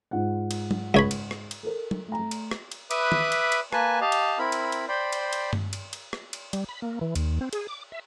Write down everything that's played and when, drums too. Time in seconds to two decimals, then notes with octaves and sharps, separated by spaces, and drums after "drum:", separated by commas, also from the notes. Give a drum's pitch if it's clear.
0.11 G#2 F4 F#5
0.51 drum: cymbal
0.71 drum: tom
0.94 C#2 C#5 B5
1.11 drum: cymbal
1.31 drum: rim click
1.51 drum: cymbal
1.63 A4 A#4
1.91 drum: tom
2.08 A3 A#5
2.31 drum: cymbal
2.51 drum: rim click
2.72 drum: cymbal
2.91 B4 E5 B5 D6 D#6 F#6, drum: cymbal
3.12 drum: tom
3.32 drum: cymbal
3.52 drum: cymbal
3.73 A#3 B4 G#5 A5, drum: rim click
4.01 G4 D#5 F5 A5
4.12 drum: cymbal
4.39 C4 E4 A#4 B5
4.52 drum: cymbal
4.72 drum: cymbal
4.88 C5 D5 G5 B5 C6
5.13 drum: cymbal
5.33 drum: cymbal
5.53 drum: tom G2
5.73 drum: cymbal
5.93 drum: cymbal
6.13 drum: rim click
6.33 drum: cymbal
6.53 G3, drum: cymbal
6.69 B5
6.82 A#3
7.01 E3
7.15 D#2, drum: cymbal
7.41 C4
7.53 G#4, drum: cymbal
7.68 D6
7.92 E5